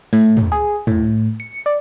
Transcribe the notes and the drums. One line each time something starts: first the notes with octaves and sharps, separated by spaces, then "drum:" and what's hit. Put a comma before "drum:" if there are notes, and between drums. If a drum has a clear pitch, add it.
A2, drum: open hi-hat
drum: tom
G#4
A2, drum: tom
C#7
D5